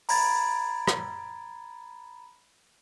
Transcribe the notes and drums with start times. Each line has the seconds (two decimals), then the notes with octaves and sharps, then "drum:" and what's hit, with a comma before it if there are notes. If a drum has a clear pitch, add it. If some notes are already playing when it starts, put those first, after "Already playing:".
0.09 A#5 B5 G#6 A6, drum: open hi-hat
0.87 drum: rim click